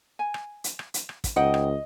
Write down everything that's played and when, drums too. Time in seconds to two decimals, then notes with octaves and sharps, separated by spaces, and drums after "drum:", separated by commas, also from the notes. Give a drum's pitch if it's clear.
0.19 G#5
0.34 drum: rim click
0.64 drum: hi-hat
0.79 drum: rim click
0.94 drum: hi-hat
1.09 drum: rim click
1.24 drum: kick, hi-hat
1.36 C#2 D#4 D#5 F#5 G5
1.54 drum: rim click